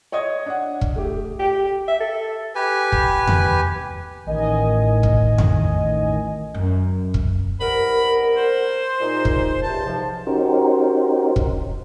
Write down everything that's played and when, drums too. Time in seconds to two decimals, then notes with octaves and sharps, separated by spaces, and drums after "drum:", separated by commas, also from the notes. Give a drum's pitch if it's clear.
0.12 C#5 D#5 D#6 G#6
0.46 D4 F#5
0.81 drum: kick
0.96 A3 G4
1.39 G4
1.88 E5
2.00 A4
2.55 G4 B4 G#5
2.92 drum: kick
3.27 drum: tom E2
4.26 A1 A2 D#3 D#5 G#5
5.03 drum: kick
5.38 drum: tom E2
6.54 F#2
7.14 drum: kick
7.60 C2 B3 A#4 B5
8.35 C5
9.00 A#2 G#3 D#4
9.25 drum: kick
9.62 C#2 G2 C3 A5
9.86 G#2 F3
10.27 C#4 D#4 F#4 G4 A#4 C5
11.36 drum: kick